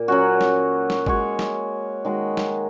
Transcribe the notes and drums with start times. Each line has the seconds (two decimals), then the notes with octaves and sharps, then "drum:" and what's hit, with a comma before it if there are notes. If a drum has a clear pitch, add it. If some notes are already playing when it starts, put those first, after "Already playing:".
Already playing: A#2 A#3
0.08 F#3 C#4 F#4
0.41 drum: snare
0.90 drum: snare
1.06 G#3 F#4 C#5, drum: kick G#1
1.39 drum: snare
2.05 D#3 G#3 F#4
2.37 drum: snare